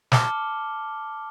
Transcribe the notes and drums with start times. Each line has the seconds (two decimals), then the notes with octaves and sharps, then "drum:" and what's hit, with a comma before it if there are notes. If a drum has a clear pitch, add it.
0.12 A5 D6 F6 C#7 G7, drum: snare